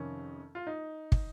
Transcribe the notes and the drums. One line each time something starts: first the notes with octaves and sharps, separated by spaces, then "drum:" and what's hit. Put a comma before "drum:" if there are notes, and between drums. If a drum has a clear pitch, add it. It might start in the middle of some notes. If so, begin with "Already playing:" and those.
Already playing: F2 C3 D#3 C#4
F4
D#4
drum: kick